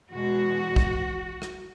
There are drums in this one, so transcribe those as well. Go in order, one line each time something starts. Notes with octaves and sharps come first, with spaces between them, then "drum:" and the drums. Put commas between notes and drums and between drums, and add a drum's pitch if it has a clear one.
E2 B2 G#3 F#4
drum: kick
drum: rim click